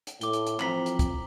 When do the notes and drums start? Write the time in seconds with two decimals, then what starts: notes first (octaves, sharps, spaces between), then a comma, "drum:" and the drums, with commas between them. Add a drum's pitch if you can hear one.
0.07 drum: hi-hat
0.21 A2 D6 G7, drum: hi-hat
0.33 drum: hi-hat
0.47 drum: hi-hat
0.60 E3 F3 C4 A#5 B6 F#7, drum: clap
0.86 drum: hi-hat
0.99 drum: kick, hi-hat